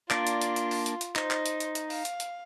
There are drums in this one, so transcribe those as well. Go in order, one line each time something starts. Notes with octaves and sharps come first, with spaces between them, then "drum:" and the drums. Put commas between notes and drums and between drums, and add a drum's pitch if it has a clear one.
A#3 D4 F4 D5, drum: clap
drum: hi-hat
drum: hi-hat
drum: hi-hat
drum: open hi-hat
drum: hi-hat
drum: hi-hat
D#4 C5, drum: clap
drum: clap
drum: hi-hat
drum: hi-hat
drum: hi-hat
F5, drum: open hi-hat
drum: hi-hat
drum: hi-hat